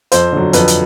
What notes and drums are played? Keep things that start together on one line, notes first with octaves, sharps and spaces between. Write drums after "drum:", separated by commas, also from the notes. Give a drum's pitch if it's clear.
F2 C5, drum: hi-hat
D3 F#3
F2 B4, drum: hi-hat
drum: hi-hat